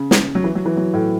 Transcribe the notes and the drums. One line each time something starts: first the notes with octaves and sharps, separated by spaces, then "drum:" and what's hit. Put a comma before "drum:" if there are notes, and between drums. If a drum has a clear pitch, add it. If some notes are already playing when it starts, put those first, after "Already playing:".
Already playing: C#3
drum: snare
F#3
E3
F#3
E3
F#3
A2